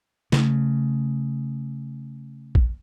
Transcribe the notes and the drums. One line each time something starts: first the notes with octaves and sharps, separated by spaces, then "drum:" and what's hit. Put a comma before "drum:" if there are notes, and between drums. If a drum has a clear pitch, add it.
C#3 A3, drum: snare
drum: kick A#1